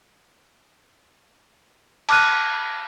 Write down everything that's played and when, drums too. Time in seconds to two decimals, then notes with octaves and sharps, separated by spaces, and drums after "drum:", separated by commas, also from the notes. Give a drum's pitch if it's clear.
2.09 A5 D6 F6 F#6 D#7, drum: cymbal